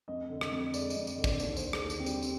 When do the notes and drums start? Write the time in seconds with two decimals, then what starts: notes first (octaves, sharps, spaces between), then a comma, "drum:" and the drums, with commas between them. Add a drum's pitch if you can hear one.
0.08 F2 D#5
0.30 D3
0.41 D#5, drum: rim click
0.52 F2
0.74 G#3 D5, drum: tambourine
0.90 D#5, drum: tambourine
0.96 F2
1.07 D5, drum: tambourine
1.18 D3
1.24 D5, drum: kick, tambourine
1.40 D#2 D5, drum: tambourine
1.57 C5, drum: tambourine
1.62 D3
1.73 G#4, drum: rim click
1.84 D#2
1.90 D4, drum: tambourine
2.00 C4
2.06 G3 D4, drum: tambourine
2.22 C4, drum: tambourine